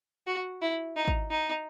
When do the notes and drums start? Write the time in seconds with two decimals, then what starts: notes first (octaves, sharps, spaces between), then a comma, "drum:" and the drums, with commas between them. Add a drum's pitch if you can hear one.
0.27 F#4
0.62 E4
0.96 D#4
1.08 drum: kick G#1
1.31 D#4